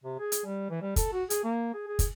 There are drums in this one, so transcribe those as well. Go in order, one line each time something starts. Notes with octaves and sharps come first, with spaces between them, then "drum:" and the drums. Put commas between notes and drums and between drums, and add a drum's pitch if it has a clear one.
C3
G#4
drum: hi-hat
G3
E3
G3
A4, drum: kick, hi-hat
F#4
G#4, drum: hi-hat
A#3
G#4
G#4
drum: kick, hi-hat